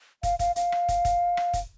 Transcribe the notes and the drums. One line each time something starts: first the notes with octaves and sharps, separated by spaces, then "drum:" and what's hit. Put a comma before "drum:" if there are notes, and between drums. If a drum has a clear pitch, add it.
F5, drum: kick, hi-hat
F5, drum: kick, hi-hat
F5, drum: hi-hat
drum: rim click
drum: kick, hi-hat
drum: kick, hi-hat
drum: rim click
drum: kick, hi-hat